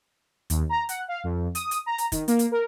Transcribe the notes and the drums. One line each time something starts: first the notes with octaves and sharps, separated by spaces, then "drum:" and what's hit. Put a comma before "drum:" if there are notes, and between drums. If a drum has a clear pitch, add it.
D#2, drum: hi-hat
A#5
F#5, drum: hi-hat
F5
F2
D#6, drum: hi-hat
drum: hi-hat
A#5
drum: hi-hat
D#3, drum: kick, hi-hat
A#3, drum: hi-hat
drum: hi-hat
A#4